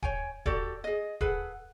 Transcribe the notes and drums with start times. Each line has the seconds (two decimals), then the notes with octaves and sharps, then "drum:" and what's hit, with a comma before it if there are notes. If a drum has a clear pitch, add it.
0.03 C#5 G5 G#5, drum: kick D1
0.46 F#4 G4 A4 D5, drum: kick D1
0.84 G#4 D#5
1.21 G#4 A4 B4 F#5, drum: kick D1